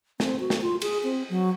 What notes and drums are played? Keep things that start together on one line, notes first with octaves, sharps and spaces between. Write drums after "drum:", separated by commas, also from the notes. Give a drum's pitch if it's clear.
C4, drum: snare
F#4
drum: snare
F4
G#4, drum: cymbal
C4
F#3